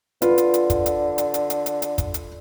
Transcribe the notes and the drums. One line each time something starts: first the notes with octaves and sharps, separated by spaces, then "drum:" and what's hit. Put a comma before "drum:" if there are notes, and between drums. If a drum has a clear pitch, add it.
D3 F4 B4, drum: hi-hat
drum: hi-hat
drum: hi-hat
drum: kick, hi-hat
drum: hi-hat
drum: hi-hat
drum: hi-hat
drum: hi-hat
drum: hi-hat
drum: hi-hat
drum: kick, hi-hat
drum: hi-hat